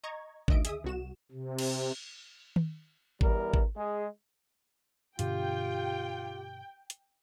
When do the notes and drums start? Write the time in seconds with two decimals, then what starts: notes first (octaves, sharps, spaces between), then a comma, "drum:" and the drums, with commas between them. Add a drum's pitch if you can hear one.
0.04 D#5 A#5 C#6 G#6
0.48 D2 D#3 D#5 E5 D7, drum: kick G#1
0.65 G#4 E5 D#6, drum: hi-hat
0.84 C2 F#4 E7
1.32 C3
1.59 drum: cymbal
2.56 drum: tom D#3
3.21 E2 G3 A#4, drum: kick G#1
3.54 drum: kick G#1
3.77 G#3 G#4
5.19 G2 B2 D3 F4 G4 G5, drum: hi-hat
6.90 drum: hi-hat